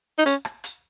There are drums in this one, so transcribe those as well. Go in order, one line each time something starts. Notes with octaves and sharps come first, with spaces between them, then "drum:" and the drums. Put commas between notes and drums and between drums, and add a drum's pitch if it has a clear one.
D#4
C#4, drum: hi-hat
drum: rim click
drum: hi-hat